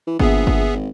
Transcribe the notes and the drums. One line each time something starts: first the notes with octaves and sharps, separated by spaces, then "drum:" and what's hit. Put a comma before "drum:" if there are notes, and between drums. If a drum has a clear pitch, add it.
E3
A#1 B3 G#4 E5, drum: kick G1
drum: kick G1
G#1